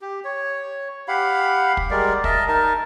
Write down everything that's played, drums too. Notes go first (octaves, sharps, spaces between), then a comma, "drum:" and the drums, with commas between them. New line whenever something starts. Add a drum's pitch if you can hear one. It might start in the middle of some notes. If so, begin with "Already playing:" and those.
G4
C#5
G4 F5 F#5 B5
drum: kick
G3 G#3 A#4 D5
A#4 D#5 E5 A5, drum: kick
D#4 A#4 A5